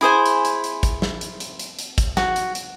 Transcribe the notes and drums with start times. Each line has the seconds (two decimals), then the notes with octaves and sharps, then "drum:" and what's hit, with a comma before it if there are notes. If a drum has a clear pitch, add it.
0.01 E4 G#4 C5 G#5
0.26 drum: hi-hat
0.45 drum: hi-hat
0.64 drum: hi-hat
0.83 drum: kick, hi-hat
1.02 drum: snare
1.21 drum: hi-hat
1.40 drum: hi-hat
1.59 drum: hi-hat
1.79 drum: hi-hat
1.98 drum: kick, hi-hat
2.17 F#4, drum: snare
2.36 drum: hi-hat
2.55 drum: hi-hat